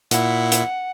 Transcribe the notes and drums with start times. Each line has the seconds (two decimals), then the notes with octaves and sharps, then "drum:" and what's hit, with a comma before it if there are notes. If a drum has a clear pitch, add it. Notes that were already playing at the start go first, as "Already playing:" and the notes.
0.11 A#2 E4 F#5, drum: hi-hat
0.52 drum: hi-hat